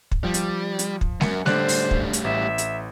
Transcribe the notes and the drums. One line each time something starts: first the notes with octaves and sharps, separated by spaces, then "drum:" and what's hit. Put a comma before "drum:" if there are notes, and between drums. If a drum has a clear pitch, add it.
drum: kick
F3 G3
drum: hi-hat
drum: hi-hat
drum: kick
F#2 A#4 C#7, drum: snare G#3
A2 D3 G3 C5 D5 F#6, drum: snare G#3
drum: open hi-hat
drum: kick
drum: hi-hat
A1 E5
drum: hi-hat